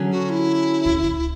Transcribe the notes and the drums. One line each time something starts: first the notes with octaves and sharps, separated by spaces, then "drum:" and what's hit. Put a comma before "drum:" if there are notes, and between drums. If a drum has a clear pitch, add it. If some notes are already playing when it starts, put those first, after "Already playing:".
Already playing: D3 F#3 C#4 G#4
F#4
E4
drum: kick
drum: kick